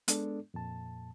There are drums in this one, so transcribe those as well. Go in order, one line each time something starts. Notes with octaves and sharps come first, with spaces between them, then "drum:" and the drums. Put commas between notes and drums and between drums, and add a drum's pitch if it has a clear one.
G#3 B3 D4 A4 D5, drum: hi-hat
F2 A#2 A5